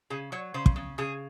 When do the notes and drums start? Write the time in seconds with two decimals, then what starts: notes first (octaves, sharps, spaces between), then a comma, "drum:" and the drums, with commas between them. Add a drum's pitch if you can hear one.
0.10 C#3 G#4
0.32 F#3 C#5
0.54 C#3 C5
0.66 drum: kick
0.76 C#3
0.98 C#3 G#4